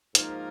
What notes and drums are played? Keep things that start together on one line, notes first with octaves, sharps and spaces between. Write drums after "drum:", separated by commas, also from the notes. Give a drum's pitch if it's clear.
G#2 F3 A#3 D#4 F4 A#4, drum: hi-hat